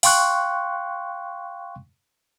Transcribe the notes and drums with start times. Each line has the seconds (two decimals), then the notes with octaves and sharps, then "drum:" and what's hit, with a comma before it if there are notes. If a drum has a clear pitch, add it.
0.03 F5 G5 C6 C#6 F#6, drum: open hi-hat